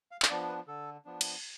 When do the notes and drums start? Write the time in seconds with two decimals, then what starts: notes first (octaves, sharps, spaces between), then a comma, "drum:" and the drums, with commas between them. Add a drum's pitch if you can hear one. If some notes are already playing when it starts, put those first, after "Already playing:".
0.11 F5
0.22 F5, drum: clap
0.30 F3 B3 D4 D5
0.48 B4
0.67 D3 A4
1.05 F3 B3 D4
1.21 drum: cymbal